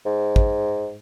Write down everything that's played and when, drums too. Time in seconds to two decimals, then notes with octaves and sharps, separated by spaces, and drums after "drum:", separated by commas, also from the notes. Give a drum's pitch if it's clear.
0.06 G#2
0.36 drum: kick